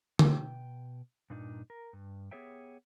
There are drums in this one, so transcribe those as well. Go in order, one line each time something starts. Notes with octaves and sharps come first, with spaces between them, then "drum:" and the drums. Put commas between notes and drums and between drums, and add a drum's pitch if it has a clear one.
B2 G5, drum: tom D3
G2 A#2 D4 D#4
A#4
G2
B3 G4 G#4 C#5 E5 G5